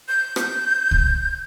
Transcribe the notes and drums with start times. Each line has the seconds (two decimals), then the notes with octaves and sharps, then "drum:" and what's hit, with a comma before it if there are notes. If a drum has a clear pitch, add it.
0.08 G6
0.36 drum: rim click
0.91 drum: kick C2